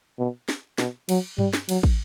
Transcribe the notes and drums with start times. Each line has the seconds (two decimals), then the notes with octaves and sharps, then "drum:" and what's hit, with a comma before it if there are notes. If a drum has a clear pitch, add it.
0.19 B2
0.49 drum: snare
0.78 B2, drum: snare
1.09 F#3, drum: cymbal
1.38 G3, drum: tom G2
1.53 drum: snare
1.69 F#3, drum: cymbal
1.83 drum: kick